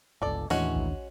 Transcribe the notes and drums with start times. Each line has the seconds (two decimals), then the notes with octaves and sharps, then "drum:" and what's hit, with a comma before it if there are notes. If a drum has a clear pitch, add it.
0.22 G1 C#2 A4 D5
0.50 D#2 A2 E3 G#3 C#4 D4 F#4, drum: open hi-hat
0.76 drum: kick A#1